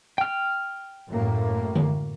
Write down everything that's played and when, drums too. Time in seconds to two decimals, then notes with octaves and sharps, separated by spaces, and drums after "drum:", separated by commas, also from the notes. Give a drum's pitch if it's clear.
0.18 G5 F6
1.09 F#2 A2 A#3
1.76 drum: tom D3